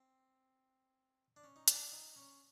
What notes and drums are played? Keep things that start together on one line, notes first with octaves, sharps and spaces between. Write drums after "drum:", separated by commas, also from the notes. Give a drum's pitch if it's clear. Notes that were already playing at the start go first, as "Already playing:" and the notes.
Already playing: C4
D4
C#4
D#4
D4, drum: hi-hat
D#4
C#4